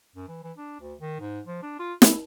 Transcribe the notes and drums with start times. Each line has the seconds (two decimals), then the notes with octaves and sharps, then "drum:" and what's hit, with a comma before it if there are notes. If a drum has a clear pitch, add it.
0.16 F#2
0.28 E3
0.43 E3
0.58 D4
0.80 D2
1.00 D#3
1.20 G#2
1.46 F3
1.63 D4
1.79 F4
2.02 E4, drum: snare